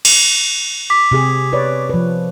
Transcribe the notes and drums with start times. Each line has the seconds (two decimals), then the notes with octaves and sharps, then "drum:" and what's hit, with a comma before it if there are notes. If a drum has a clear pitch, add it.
0.05 drum: cymbal
0.90 D6 B6
1.11 C3 G4 G#4
1.53 B4 C#5 D5
1.89 F3 B4